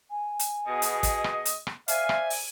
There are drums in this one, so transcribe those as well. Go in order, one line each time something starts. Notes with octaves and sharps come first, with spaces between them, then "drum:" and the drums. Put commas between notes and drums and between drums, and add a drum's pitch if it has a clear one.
G#5
drum: hi-hat
B2 G#4 D#5
drum: hi-hat
drum: kick, hi-hat
drum: rim click
drum: hi-hat
drum: rim click
C5 D5 E5 F5 G#5, drum: hi-hat
drum: rim click
drum: open hi-hat